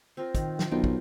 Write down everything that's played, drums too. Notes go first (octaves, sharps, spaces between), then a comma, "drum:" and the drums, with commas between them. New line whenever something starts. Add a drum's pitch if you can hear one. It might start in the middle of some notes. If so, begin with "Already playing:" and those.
C4 F4 A#4
D#3, drum: kick, hi-hat
drum: snare
B1 D#4 F4 G5
drum: kick